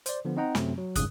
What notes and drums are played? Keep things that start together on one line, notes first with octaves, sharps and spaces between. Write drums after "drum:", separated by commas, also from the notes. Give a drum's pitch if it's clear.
C5 D5, drum: hi-hat
D3 F3 B3
C4 D#4 D#5 F#5 G5 A#5
F#2 C3 F#3 A3 C4, drum: snare
F#3
C2 F2 G#2 C#3 D#6 F#6, drum: kick, hi-hat